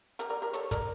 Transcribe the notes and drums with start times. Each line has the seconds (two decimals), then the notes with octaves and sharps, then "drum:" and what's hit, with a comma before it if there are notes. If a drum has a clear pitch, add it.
0.19 G4 A#4, drum: hi-hat
0.30 A#4 D5
0.42 G4 A#4
0.53 A4 C#5, drum: hi-hat
0.71 A#4 D5, drum: kick, hi-hat